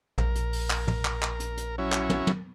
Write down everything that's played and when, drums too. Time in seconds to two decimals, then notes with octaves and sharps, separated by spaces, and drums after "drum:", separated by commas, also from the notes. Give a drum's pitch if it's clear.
0.18 A#1 A#4, drum: tom
0.35 drum: hi-hat
0.53 drum: open hi-hat
0.70 drum: clap
0.88 drum: tom
1.05 drum: clap
1.22 drum: clap
1.40 drum: hi-hat
1.57 drum: hi-hat
1.78 F#3 C#4 E4
1.92 drum: clap
2.10 drum: tom
2.27 drum: tom